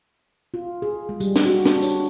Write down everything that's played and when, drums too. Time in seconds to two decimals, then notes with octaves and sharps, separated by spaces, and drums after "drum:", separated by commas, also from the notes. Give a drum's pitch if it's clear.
0.54 F4
0.82 G#4
1.09 G#3
1.20 G3, drum: tambourine
1.36 drum: snare
1.45 F#4
1.66 D4, drum: snare
1.82 C#5, drum: tambourine